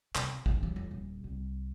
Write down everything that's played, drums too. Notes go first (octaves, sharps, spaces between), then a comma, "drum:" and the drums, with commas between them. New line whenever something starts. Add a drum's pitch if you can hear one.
C3, drum: clap
E2, drum: kick
E3
F2
D#1
C2